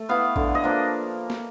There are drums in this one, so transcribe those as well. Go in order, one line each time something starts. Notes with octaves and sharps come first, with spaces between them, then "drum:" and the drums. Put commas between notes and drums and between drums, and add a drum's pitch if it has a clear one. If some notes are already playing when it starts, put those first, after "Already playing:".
Already playing: A3
B3 E4 F5
D3, drum: kick A#1
D#5
F3 A#3 D4
drum: snare